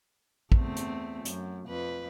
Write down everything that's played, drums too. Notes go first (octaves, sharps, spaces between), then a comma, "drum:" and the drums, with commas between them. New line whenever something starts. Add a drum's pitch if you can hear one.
E2 A3 C4, drum: kick
drum: hi-hat
F#2, drum: hi-hat
F2 B4